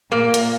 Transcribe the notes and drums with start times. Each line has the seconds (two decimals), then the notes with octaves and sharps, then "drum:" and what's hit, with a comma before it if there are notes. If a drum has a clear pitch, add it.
0.11 A#2 A#3
0.34 drum: hi-hat